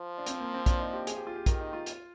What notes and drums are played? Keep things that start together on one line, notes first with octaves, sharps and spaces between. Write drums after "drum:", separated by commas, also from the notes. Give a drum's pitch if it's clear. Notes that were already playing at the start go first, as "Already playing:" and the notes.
Already playing: F3
D4
C4, drum: hi-hat
A#3
C4
D4, drum: kick, hi-hat
D#4
G4
G#4, drum: hi-hat
G4
F4
G4
D#3 A#4, drum: kick, hi-hat
D#4
F4
drum: hi-hat